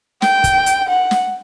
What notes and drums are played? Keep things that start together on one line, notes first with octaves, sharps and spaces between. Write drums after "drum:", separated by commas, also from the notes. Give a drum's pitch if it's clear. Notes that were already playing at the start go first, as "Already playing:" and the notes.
G5, drum: snare
drum: kick, hi-hat
drum: hi-hat
F#5
drum: snare